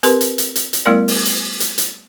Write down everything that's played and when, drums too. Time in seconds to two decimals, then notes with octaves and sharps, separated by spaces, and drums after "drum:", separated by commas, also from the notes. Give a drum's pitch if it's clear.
0.03 C4 G4 A#4 B4 C6, drum: hi-hat
0.21 drum: hi-hat
0.38 drum: hi-hat
0.56 drum: hi-hat
0.73 drum: hi-hat
0.85 G3 A3 B3 E4 A#4 D5
1.08 drum: open hi-hat
1.25 drum: hi-hat
1.60 drum: hi-hat
1.78 drum: hi-hat